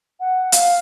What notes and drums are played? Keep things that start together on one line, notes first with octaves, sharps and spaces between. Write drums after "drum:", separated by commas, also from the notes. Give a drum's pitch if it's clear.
F#5
F5, drum: hi-hat